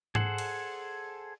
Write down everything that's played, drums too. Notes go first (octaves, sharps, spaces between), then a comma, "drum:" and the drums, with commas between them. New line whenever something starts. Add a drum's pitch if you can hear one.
G#4 A4 C5 F#5, drum: tom G#2
drum: cymbal